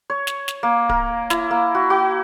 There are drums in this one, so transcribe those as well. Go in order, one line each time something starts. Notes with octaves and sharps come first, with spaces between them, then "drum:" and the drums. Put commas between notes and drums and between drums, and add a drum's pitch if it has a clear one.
C#5
drum: snare
drum: snare
A#3
A#4, drum: kick D1
E4, drum: snare
A#3
F#4
F#4